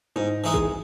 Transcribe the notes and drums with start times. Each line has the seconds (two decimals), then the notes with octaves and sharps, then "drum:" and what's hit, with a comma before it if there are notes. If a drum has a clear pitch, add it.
0.16 G#2 D#4
0.44 E3 G#3 D#4
0.54 G#4, drum: kick G#1